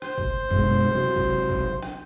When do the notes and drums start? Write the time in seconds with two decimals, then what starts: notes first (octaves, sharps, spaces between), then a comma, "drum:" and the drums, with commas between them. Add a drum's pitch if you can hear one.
0.02 C5, drum: rim click
0.18 drum: kick G1
0.51 F#2 B2 G#3, drum: kick G1
0.91 C3 F#3
1.17 drum: kick G1
1.50 drum: kick G1
1.83 drum: rim click